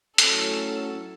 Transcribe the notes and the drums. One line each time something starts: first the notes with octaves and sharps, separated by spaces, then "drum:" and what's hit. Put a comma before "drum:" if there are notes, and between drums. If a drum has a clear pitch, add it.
A2 F#3 C#4 A4, drum: hi-hat